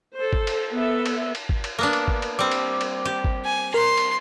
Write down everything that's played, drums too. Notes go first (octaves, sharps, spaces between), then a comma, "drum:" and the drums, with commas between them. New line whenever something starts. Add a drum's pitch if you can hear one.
A4 C5
drum: kick
drum: cymbal
B3 A4 E5
drum: cymbal
drum: cymbal
drum: kick
drum: cymbal
A#3 B3 D4
drum: cymbal
drum: kick
drum: cymbal
G3 C4 D6
drum: cymbal
drum: cymbal
G4
drum: kick
G#5
A#4 C6
drum: cymbal